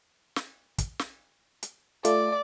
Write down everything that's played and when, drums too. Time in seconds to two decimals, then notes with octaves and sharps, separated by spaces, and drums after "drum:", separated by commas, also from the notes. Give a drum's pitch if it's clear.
0.36 drum: snare
0.78 drum: kick, hi-hat
0.99 drum: snare
1.63 drum: hi-hat
2.05 A3 F4 D5, drum: hi-hat